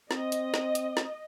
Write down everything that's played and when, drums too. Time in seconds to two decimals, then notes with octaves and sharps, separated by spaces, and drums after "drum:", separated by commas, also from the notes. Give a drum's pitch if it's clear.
0.11 C4 D#5, drum: snare
0.32 drum: hi-hat
0.54 drum: snare
0.75 drum: hi-hat
0.97 drum: snare